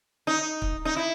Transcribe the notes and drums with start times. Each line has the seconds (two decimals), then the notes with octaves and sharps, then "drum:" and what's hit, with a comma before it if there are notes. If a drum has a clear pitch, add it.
0.27 D#4
0.62 drum: kick C#1
0.85 D#4
0.96 E4